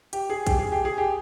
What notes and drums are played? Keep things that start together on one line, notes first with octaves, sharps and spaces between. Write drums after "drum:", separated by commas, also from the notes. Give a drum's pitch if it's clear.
G4, drum: hi-hat
G#4
G4, drum: kick A#1, hi-hat
G#4
G4
G#4
G4